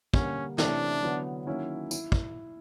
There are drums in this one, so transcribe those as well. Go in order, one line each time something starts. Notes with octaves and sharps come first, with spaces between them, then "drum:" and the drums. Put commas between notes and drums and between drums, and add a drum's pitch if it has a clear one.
D3 G3 A#3 C#4, drum: kick
C3 E3 A3 C#4 D4 E4, drum: snare
D3 F#3 B3 E4
D#3 F#3 A#3 C#4 E4
E4, drum: tambourine
drum: kick